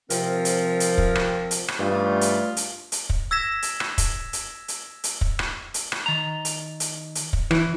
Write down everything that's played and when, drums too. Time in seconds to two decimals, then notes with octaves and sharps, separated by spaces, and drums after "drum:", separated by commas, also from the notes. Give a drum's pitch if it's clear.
0.10 C3 F3 C4 A#4, drum: hi-hat
0.45 drum: hi-hat
0.80 drum: hi-hat
0.98 drum: kick
1.15 drum: rim click
1.51 drum: hi-hat
1.68 drum: rim click
1.79 G2 C#3 E3 A3 F4
2.21 drum: hi-hat
2.57 drum: hi-hat
2.92 drum: hi-hat
3.10 drum: kick
3.31 E6 G#6 A#6 B6 E7
3.62 drum: hi-hat
3.80 drum: rim click
3.98 drum: kick, hi-hat
4.33 drum: hi-hat
4.68 drum: hi-hat
5.04 drum: hi-hat
5.21 drum: kick
5.39 drum: rim click
5.74 drum: hi-hat
5.92 drum: rim click
6.06 D#3 A#5
6.45 drum: hi-hat
6.80 drum: hi-hat
7.15 drum: hi-hat
7.33 drum: kick
7.51 E3, drum: rim click